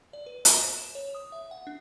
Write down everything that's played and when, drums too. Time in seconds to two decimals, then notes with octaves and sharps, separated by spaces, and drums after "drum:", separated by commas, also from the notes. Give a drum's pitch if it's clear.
0.13 D5
0.26 B4
0.45 A#4, drum: hi-hat
0.65 C5
0.77 E7
0.95 C#5
1.15 D#6
1.32 E5
1.51 F#5
1.67 D4